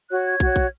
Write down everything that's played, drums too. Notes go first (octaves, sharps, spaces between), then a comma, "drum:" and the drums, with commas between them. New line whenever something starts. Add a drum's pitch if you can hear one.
F#4 C#5 F#6
G#6
F#4 C#5, drum: kick
drum: kick